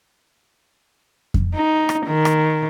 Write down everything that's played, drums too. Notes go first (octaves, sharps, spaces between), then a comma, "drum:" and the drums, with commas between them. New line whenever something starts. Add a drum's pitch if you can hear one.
drum: kick F2
D#4
drum: rim click
D#3
drum: rim click